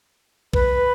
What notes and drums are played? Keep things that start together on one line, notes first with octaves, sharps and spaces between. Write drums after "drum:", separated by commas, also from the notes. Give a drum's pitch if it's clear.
B4, drum: kick B1